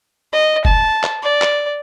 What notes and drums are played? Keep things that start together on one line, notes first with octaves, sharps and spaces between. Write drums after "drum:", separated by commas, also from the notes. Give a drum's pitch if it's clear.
D#5
A5, drum: kick F1
drum: clap
D5
drum: clap